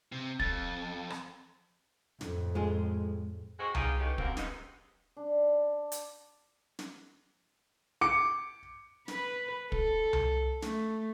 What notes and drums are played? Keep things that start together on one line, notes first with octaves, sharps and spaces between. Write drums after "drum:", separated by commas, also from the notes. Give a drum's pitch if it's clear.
C3
F2 A6, drum: kick
drum: rim click
F2 A2, drum: snare
G#3 F4 G#4
G#3 C4 F#4
B3 D#4 F4 G4 G#4, drum: tom C2
A2 C#3 B3 C#4 D#4 G4
F#2 A#3 C4, drum: kick
G#2 C3 G#3 B3 D#4, drum: snare
D4
drum: hi-hat
drum: snare
D6 C#7
B4, drum: snare
A4, drum: kick
drum: tom C2
A3, drum: snare